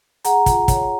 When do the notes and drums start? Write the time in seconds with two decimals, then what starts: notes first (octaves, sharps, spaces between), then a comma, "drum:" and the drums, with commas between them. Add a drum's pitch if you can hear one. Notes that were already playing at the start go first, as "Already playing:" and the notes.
0.24 G#4 F#5 A#5, drum: hi-hat
0.46 F4, drum: kick, hi-hat
0.68 C#5, drum: kick, hi-hat